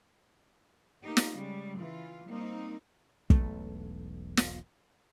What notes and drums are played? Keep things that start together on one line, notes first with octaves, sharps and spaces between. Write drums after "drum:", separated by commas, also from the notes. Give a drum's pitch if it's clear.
A#3 D#4 G4
drum: snare
C#3 G3 G#3
E3 F4
G3 A#3 C4 D#4
E1 B1 A3, drum: kick
drum: snare